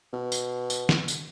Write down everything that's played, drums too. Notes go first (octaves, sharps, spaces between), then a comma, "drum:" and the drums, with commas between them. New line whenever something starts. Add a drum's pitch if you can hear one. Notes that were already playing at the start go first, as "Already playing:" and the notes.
B2
drum: tambourine
drum: tambourine
drum: snare
drum: tambourine